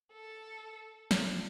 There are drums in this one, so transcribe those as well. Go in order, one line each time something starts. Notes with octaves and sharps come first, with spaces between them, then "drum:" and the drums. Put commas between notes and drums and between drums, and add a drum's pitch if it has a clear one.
A4
drum: snare
F3